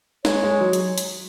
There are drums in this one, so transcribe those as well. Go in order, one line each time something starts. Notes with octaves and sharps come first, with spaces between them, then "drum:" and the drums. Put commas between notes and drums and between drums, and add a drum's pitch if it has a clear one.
G#3 C#5, drum: snare
G#3
F#3
drum: hi-hat
drum: hi-hat